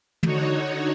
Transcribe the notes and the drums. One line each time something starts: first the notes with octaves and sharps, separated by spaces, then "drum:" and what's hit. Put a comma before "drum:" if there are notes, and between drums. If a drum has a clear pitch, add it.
D3 D#4 F#4 C#5, drum: tom